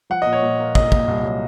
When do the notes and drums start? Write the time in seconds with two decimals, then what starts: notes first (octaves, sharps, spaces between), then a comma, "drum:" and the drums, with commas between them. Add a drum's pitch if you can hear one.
0.10 F3 F#5
0.22 A#2 D#5
0.33 C#5
0.42 A#2
0.60 A#3
0.75 A#2 D#5, drum: kick
0.92 A#3, drum: kick
1.07 C2
1.23 F#3